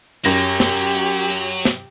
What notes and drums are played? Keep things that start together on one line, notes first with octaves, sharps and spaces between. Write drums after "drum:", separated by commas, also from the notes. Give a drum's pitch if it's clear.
F#2 F#3 G4 A#6, drum: hi-hat
drum: snare
drum: hi-hat
drum: hi-hat
drum: snare